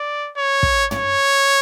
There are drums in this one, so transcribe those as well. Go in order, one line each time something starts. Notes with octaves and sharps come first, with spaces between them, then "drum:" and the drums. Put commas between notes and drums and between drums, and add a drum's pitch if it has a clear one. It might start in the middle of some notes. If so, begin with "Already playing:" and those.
Already playing: D5
C#5
drum: kick
C#5, drum: tom